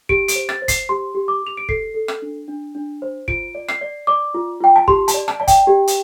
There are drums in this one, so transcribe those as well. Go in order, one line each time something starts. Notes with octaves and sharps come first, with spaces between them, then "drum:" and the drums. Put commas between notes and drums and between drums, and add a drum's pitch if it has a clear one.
G4 D7, drum: kick G1
D7, drum: hi-hat
C5
A6, drum: rim click
C5
C7, drum: kick G1, hi-hat
G4 C6
G4
D6
G4 F7
D7
A4 C7, drum: kick G1
A4
drum: rim click
D4
D4
D4
C5
F4 D7, drum: kick G1
D5
C7, drum: rim click
D5
D5 D6
F4
F4 G5
A5
G4 C6, drum: kick G1
A5, drum: hi-hat
D5
A5, drum: rim click
D5 A5
G5, drum: kick G1, hi-hat
G4
drum: hi-hat